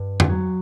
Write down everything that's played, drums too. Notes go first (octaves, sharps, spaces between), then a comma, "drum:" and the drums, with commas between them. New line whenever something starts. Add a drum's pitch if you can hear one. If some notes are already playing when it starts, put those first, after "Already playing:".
Already playing: G2
drum: tom F2
F#3